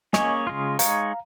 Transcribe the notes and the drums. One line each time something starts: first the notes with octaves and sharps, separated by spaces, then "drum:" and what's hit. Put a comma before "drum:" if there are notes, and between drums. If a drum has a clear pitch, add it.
A#3 C#4 G#4 C#5 D#5 G#5, drum: snare
C#3 G#3 F4
G#3 D#4 C#5 F5 A#5, drum: hi-hat